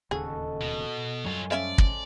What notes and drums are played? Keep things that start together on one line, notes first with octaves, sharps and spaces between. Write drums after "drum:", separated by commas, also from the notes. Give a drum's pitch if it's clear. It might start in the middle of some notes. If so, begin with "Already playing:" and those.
D1 D#2 C#3 F#4 G#4 A4 F#5
D#5 A5
B2
F#2 F#3 G3 F4 C#5 G#5
C#3 A3 C#4 C5 D5 E5 F5
drum: kick